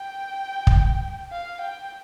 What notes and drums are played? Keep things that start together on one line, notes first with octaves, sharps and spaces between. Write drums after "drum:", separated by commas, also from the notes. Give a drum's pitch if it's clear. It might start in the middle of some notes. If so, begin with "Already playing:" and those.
Already playing: G5
drum: kick
F5
G5